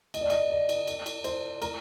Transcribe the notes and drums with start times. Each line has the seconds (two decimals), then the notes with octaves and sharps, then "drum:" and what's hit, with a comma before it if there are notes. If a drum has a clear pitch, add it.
0.14 D#5, drum: cymbal
0.21 D5
0.30 D#5, drum: cymbal
0.50 D5
0.69 drum: cymbal
0.87 drum: cymbal
1.06 drum: cymbal
1.24 C5, drum: cymbal
1.62 A#4, drum: cymbal